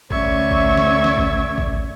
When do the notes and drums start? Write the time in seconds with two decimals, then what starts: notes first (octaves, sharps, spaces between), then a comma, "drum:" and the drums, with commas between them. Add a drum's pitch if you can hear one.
0.11 D2 C#4 D5 E5 C#6 G#6, drum: kick A1
0.51 drum: kick A1
0.77 drum: snare
1.04 drum: snare
1.18 drum: kick A1
1.58 drum: kick A1